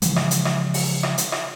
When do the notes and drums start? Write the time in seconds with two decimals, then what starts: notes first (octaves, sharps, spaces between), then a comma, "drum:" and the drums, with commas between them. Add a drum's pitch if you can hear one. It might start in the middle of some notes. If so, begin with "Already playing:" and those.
0.02 C#3 E3 F3 G#3, drum: hi-hat
0.16 drum: rim click
0.31 drum: hi-hat
0.45 drum: rim click
0.74 drum: open hi-hat
1.03 drum: rim click
1.18 drum: hi-hat
1.32 drum: rim click